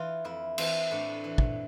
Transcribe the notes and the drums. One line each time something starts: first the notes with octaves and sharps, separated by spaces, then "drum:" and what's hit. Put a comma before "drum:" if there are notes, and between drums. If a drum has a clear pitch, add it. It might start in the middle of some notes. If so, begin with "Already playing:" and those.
Already playing: E3 F4
F2 E4
E3 C4, drum: cymbal
A2 D4
E3
drum: kick